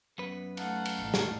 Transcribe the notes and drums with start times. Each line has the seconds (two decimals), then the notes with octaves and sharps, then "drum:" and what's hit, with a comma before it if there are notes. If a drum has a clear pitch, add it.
0.18 F#2 B3 B4
0.57 A3 D#4 F5 F#5 A5, drum: cymbal
0.85 drum: cymbal
1.00 A1
1.14 drum: snare